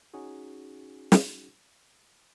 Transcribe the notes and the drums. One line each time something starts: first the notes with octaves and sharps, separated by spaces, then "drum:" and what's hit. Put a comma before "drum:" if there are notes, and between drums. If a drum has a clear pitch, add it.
C#4 D#4 F#4 G#4
drum: snare